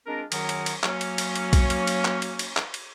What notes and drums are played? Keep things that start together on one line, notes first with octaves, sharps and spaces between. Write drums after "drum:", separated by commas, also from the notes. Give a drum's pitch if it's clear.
G#3 C4 D4 F4 A#4
F#2 D#3 F#3 G#4 A#4 F#5, drum: cymbal
drum: cymbal
drum: cymbal
F#3 A#3 C#4, drum: clap
drum: cymbal
drum: cymbal
drum: cymbal
drum: kick B1, cymbal
drum: cymbal
drum: cymbal
drum: clap
drum: cymbal
drum: cymbal
drum: clap
drum: cymbal